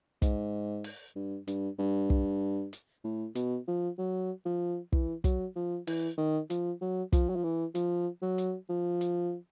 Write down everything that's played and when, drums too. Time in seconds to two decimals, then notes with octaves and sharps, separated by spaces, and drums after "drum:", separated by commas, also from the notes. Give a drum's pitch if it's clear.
0.22 G#2, drum: kick, hi-hat
0.84 drum: open hi-hat
1.15 G2
1.47 G2, drum: hi-hat
1.79 G2
2.10 drum: kick
2.73 drum: hi-hat
3.04 A2
3.35 B2, drum: hi-hat
3.67 F3
3.98 F#3
4.45 F3
4.93 E3, drum: kick
5.24 F#3, drum: kick, hi-hat
5.56 F3
5.87 E3, drum: open hi-hat
6.18 D#3
6.50 F3, drum: hi-hat
6.81 F#3
7.13 F3, drum: kick, hi-hat
7.29 F#3
7.36 F3
7.44 E3
7.75 F3, drum: hi-hat
8.22 F#3
8.38 drum: hi-hat
8.69 F3
9.01 drum: hi-hat